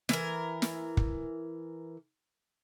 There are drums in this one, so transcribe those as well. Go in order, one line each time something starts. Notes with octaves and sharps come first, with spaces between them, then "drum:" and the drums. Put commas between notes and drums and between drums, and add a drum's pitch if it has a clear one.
E3 A#4, drum: snare
drum: snare
drum: kick